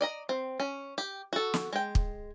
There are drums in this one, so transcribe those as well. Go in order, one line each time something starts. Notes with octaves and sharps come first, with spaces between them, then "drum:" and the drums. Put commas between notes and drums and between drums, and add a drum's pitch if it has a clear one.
D5 D#5 A#5
C4
C#4
G4
F#4 A4
drum: snare
G#3 G5
drum: kick